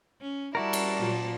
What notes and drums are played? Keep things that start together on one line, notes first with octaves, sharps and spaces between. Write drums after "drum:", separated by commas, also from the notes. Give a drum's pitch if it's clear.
C#4
G3 E4 F#4 A#4 D5 A5
drum: cymbal
A#2 F#3 A#3